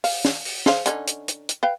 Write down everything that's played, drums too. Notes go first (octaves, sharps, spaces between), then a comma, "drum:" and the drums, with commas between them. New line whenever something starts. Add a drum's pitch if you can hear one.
F5, drum: open hi-hat
drum: snare
drum: open hi-hat
G#4 C5 F5, drum: snare
D3 C#4 D#4, drum: hi-hat
drum: hi-hat
drum: hi-hat
drum: hi-hat
B4 F5 G5